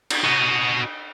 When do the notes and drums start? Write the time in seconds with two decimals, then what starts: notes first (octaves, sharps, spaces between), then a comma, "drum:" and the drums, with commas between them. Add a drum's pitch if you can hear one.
0.10 drum: cymbal
0.24 F#4 D#5